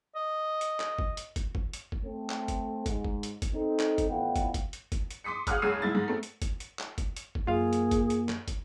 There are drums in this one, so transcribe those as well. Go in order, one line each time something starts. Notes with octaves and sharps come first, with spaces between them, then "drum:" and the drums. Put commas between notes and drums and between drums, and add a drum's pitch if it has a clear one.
D#5
drum: hi-hat
drum: clap
drum: kick
drum: hi-hat
drum: kick, hi-hat
drum: kick
drum: hi-hat
drum: kick
A3 C4
drum: clap
drum: kick, hi-hat
G#2, drum: kick, hi-hat
drum: kick
drum: hi-hat
drum: kick, hi-hat
C4 D#4 A4
drum: clap
drum: kick, hi-hat
A1 F2 E3 B3 F5 G5
drum: kick, hi-hat
drum: kick, hi-hat
drum: hi-hat
drum: kick, hi-hat
drum: hi-hat
C6 D6 D#6 B6 C#7
G#4 F5 F#5 D#6 F6 F#6, drum: kick, hi-hat
F#1 C#2 G#4 E6 C7 D#7
G#2 E4 A6
G#2
A3 C4
drum: hi-hat
drum: kick, hi-hat
drum: hi-hat
drum: clap
drum: kick, hi-hat
drum: hi-hat
drum: kick
F#2 A#3 F4 G#4 F5
drum: hi-hat
drum: kick, hi-hat
drum: hi-hat
drum: clap
drum: kick, hi-hat